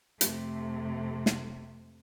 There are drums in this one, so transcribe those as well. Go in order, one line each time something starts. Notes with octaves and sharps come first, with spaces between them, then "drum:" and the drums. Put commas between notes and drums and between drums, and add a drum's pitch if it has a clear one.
F2 C3 A3, drum: hi-hat
drum: snare